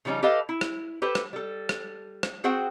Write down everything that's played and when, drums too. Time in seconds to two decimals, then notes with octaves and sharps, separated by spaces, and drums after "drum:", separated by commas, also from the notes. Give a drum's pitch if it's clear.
0.05 C#3 F3 G3 C#4 D#4
0.23 G4 A4 B4 D#5 F5
0.49 E4
0.61 drum: rim click
1.02 G4 A4 B4 C5
1.15 drum: rim click
1.33 G3 A4
1.69 drum: rim click
2.23 drum: rim click
2.44 C4 F#4 G#4 C5 F#5 G5